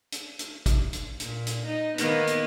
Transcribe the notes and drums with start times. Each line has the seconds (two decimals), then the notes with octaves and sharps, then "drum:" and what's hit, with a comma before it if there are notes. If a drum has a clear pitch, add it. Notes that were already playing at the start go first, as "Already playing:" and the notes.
0.12 drum: hi-hat
0.39 drum: hi-hat
0.66 drum: kick, hi-hat
0.93 drum: hi-hat
1.20 A#2, drum: hi-hat
1.47 drum: hi-hat
1.67 D#4
1.98 D#3 A#3 B3, drum: hi-hat
2.27 drum: hi-hat